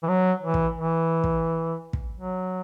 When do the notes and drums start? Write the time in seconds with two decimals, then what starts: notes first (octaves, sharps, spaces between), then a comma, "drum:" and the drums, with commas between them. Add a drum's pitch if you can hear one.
0.03 E3
0.08 F#3
0.43 E3
0.54 drum: kick
0.77 E3
1.24 drum: kick
1.93 drum: kick
2.17 F#3